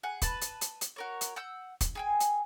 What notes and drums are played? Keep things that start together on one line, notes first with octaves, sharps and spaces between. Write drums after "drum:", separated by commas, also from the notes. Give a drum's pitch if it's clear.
G#4 F#5
B4 A5, drum: kick, hi-hat
drum: hi-hat
drum: hi-hat
drum: hi-hat
F#4 A#4 C#5
drum: hi-hat
F#5 E6 G6
drum: kick, hi-hat
G#4 G5 G#5
drum: hi-hat